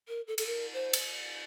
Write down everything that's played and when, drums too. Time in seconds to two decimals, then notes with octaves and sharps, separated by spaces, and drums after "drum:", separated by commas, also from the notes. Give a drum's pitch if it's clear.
0.08 A#4
0.27 A4
0.38 A4, drum: cymbal
0.46 A#4
0.73 C5
0.93 drum: cymbal